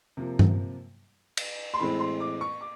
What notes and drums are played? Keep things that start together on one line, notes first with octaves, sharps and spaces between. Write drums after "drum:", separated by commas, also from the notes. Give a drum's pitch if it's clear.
C3 F3 A#3
drum: tom G2
drum: cymbal
C6
A2 E3 G#3 C4 B5
C6
D6
C#6
D6